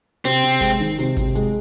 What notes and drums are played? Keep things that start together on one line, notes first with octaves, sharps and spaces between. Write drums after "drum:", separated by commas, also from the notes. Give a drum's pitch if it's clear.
C3 C4, drum: hi-hat
C3
G#3, drum: snare G#1
D#3, drum: open hi-hat
C3, drum: hi-hat
C3, drum: kick G#1, hi-hat
G#3, drum: hi-hat